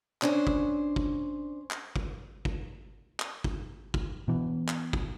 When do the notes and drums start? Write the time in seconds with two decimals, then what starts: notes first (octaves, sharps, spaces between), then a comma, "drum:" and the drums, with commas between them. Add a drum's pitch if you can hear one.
0.22 C#4 D4 C5, drum: clap
0.47 drum: kick
0.96 drum: kick
1.71 drum: clap
1.96 drum: kick
2.45 drum: kick
3.20 drum: clap
3.44 drum: kick
3.94 drum: kick
4.28 B2 E3
4.68 drum: clap
4.93 drum: kick